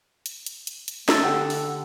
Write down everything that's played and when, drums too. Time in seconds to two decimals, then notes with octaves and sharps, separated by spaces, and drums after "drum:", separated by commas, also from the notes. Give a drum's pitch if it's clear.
0.26 drum: hi-hat
0.46 drum: hi-hat
0.67 drum: hi-hat
0.88 drum: hi-hat
1.09 A3 A4, drum: snare
1.23 D3 G4 F#5 G5
1.50 drum: open hi-hat